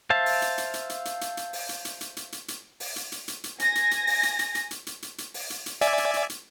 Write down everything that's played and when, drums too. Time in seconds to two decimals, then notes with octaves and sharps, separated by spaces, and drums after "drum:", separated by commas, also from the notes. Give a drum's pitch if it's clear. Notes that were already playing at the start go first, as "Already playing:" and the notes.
0.10 C5 E5 F5 A5
0.26 drum: open hi-hat
0.42 drum: hi-hat
0.58 drum: hi-hat
0.74 drum: hi-hat
0.89 drum: hi-hat
1.05 drum: hi-hat
1.21 drum: hi-hat
1.37 drum: hi-hat
1.53 drum: open hi-hat
1.69 drum: hi-hat
1.85 drum: hi-hat
2.01 drum: hi-hat
2.17 drum: hi-hat
2.32 drum: hi-hat
2.48 drum: hi-hat
2.80 drum: open hi-hat
2.96 drum: hi-hat
3.12 drum: hi-hat
3.28 drum: hi-hat
3.44 drum: hi-hat
3.60 G#5 A#6, drum: hi-hat
3.75 drum: hi-hat
3.91 drum: hi-hat
4.07 drum: open hi-hat
4.23 drum: hi-hat
4.39 drum: hi-hat
4.55 drum: hi-hat
4.71 drum: hi-hat
4.87 drum: hi-hat
5.02 drum: hi-hat
5.18 drum: hi-hat
5.34 drum: open hi-hat
5.50 drum: hi-hat
5.66 drum: hi-hat
5.81 D5 E5 G#5, drum: hi-hat
5.98 drum: hi-hat
6.14 drum: hi-hat
6.30 drum: hi-hat